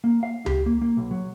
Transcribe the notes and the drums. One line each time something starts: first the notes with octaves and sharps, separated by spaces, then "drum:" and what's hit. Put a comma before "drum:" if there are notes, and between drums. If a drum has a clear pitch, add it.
A#3
F5
G4, drum: tom C#2
A#3
A#3
B1
F#3